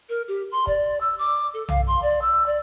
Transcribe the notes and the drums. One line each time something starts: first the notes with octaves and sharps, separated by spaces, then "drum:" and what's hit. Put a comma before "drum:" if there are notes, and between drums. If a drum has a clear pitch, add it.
A#4
G4
C6
D5, drum: kick
E6
D6
A4
F5, drum: tom B1
C6
D5
E6
D5